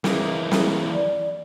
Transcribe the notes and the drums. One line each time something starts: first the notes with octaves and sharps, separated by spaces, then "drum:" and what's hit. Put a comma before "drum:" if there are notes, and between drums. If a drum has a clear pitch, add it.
E3 A#3, drum: snare
drum: snare
D5